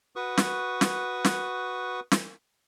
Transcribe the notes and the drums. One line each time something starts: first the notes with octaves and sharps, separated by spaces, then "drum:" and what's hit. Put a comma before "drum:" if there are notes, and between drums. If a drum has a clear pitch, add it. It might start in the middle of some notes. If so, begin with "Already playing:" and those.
F#4 B4 C#6 D#6
drum: snare
drum: snare
drum: snare
drum: snare